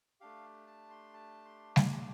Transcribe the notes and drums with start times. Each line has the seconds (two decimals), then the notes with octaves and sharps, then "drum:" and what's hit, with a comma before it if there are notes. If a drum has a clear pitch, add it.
0.20 A3 D4 G4 F5
0.67 A5
0.90 C6
1.14 A5
1.45 C6
1.76 C6, drum: snare G3